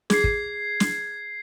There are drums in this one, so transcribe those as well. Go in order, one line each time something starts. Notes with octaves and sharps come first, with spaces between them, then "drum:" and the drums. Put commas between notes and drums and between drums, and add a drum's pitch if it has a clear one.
G#4 G#6 C7, drum: snare
drum: kick
drum: snare